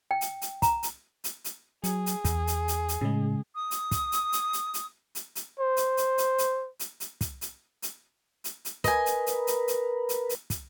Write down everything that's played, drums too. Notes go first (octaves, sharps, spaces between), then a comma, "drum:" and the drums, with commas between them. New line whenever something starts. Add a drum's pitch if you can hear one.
G5
drum: hi-hat
drum: hi-hat
A#5, drum: kick, hi-hat
drum: hi-hat
drum: hi-hat
drum: hi-hat
F#3 G#4, drum: hi-hat
drum: hi-hat
E2, drum: kick, hi-hat
drum: hi-hat
drum: hi-hat
drum: hi-hat
A2 C#3 G#3
D#6
drum: hi-hat
drum: kick, hi-hat
drum: hi-hat
drum: hi-hat
drum: hi-hat
drum: hi-hat
drum: hi-hat
drum: hi-hat
C5
drum: hi-hat
drum: hi-hat
drum: hi-hat
drum: hi-hat
drum: hi-hat
drum: hi-hat
drum: kick, hi-hat
drum: hi-hat
drum: hi-hat
drum: hi-hat
drum: hi-hat
A#4 B4 D#5 G#5, drum: kick, hi-hat
drum: hi-hat
drum: hi-hat
drum: hi-hat
drum: hi-hat
drum: hi-hat
drum: hi-hat
drum: kick, hi-hat